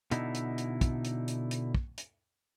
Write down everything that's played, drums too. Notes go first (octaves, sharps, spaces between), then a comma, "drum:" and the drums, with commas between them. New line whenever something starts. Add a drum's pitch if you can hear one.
B2 D3 D#4 E4, drum: hi-hat
drum: hi-hat
drum: hi-hat
drum: kick, hi-hat
drum: hi-hat
drum: hi-hat
drum: hi-hat
drum: kick
drum: hi-hat